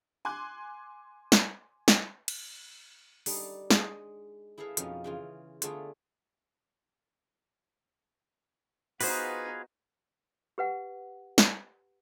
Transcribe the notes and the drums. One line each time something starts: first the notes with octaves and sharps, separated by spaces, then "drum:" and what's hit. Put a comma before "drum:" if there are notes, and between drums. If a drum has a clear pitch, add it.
G#5 C6 D6 F#6 G#6
drum: snare
drum: snare
drum: cymbal
G3 D4 D#4 A4, drum: open hi-hat
G#3 D#5, drum: snare
E4 G#4 A4 B4 F5
F2 B2 F3 C#4 D#4, drum: hi-hat
C#3 E3 F4
D3 A3 B3 F4 G#4 A4, drum: hi-hat
B3 D#4 F4 F#4 G#4 B4 C5, drum: open hi-hat
G4 B4 F#5
drum: snare